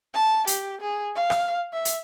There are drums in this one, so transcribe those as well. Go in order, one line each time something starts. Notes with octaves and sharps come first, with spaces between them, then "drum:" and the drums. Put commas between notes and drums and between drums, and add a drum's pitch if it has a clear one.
A5
G4, drum: hi-hat
G#4
F5
drum: rim click
E5
drum: hi-hat